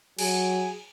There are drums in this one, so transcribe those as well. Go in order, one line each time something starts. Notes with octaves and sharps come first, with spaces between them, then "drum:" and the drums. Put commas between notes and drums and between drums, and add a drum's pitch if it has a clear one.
F#3 G#4, drum: cymbal